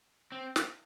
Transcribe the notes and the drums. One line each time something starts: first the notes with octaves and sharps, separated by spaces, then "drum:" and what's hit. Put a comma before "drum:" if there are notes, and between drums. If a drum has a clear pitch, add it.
C4
drum: snare